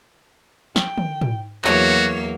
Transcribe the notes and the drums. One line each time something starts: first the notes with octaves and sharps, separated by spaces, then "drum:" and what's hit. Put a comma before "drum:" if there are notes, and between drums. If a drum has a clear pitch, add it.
G5, drum: snare
drum: tom
drum: tom
E2 F#3 A#3 F#4 C#5, drum: clap